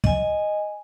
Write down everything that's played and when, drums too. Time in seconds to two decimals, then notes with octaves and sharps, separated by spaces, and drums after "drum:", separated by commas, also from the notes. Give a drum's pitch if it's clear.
0.04 D#5 G#5, drum: kick